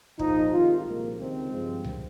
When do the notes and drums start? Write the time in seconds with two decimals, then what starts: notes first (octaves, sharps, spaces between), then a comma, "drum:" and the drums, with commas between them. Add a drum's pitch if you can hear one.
0.19 A#1 G#2 F3 D#4, drum: kick
0.52 C2 C3 D#3 G#3 F4
0.85 C2 A#2 F3 G#3 A#3
1.19 C#2 C3 D#3 G#3 C4
1.51 G2 F3 G#3
1.84 drum: tom C2